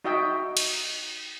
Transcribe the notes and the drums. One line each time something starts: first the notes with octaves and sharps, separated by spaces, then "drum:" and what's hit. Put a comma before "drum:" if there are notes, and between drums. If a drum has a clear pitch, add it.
D#4 F#4 D#5 E5 G5
drum: cymbal